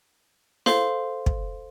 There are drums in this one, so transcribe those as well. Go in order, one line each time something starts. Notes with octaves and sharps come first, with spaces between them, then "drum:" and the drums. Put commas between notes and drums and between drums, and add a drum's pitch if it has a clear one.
A4 C5 F5 C6, drum: snare
drum: kick